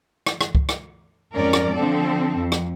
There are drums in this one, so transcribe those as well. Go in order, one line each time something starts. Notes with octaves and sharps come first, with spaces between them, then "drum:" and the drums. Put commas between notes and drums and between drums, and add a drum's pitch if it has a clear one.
drum: rim click
drum: rim click
drum: kick C#2
drum: rim click
F2 G#2 C#4 A#4 D5
drum: rim click
D3 F3 C4 A4
F2
drum: rim click